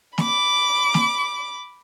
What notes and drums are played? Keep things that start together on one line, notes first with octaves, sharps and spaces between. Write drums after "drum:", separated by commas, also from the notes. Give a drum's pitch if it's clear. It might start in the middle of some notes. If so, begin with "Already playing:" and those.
B5 D6, drum: snare
drum: snare